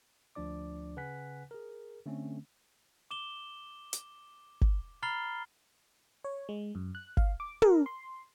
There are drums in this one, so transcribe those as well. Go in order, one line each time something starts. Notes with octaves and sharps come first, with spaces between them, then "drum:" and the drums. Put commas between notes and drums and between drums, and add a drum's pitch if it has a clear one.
D2 F3 D4 D5 D6
C#3 B4 F#5 G#5 F#6 B6
G#4 A#4
D3 A3 C4 C#4
D6 E7 G7
drum: hi-hat
drum: kick G1
A#5 B5 F6 A6 C7 G7
C#5
G#3
F#2
F#6
F5, drum: kick G1
D6
A#4, drum: tom
C6